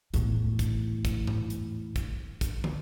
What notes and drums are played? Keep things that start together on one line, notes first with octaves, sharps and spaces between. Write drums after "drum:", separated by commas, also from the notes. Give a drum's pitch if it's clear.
E2 A2, drum: hi-hat
drum: kick, hi-hat
drum: kick, hi-hat
drum: tom G#2
drum: hi-hat
drum: kick, hi-hat
drum: kick, hi-hat
drum: tom